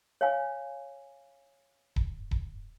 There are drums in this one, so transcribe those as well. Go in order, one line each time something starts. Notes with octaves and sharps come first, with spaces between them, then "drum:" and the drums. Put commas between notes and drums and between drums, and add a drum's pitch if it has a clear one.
C#5 F5 G#5
drum: kick D#1
drum: kick D#1